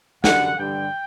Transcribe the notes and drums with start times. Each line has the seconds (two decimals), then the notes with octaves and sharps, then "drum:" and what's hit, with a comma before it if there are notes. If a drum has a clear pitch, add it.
0.24 F#2 D3 G3 D4 F#5, drum: snare
0.59 G2 D3 G3 G5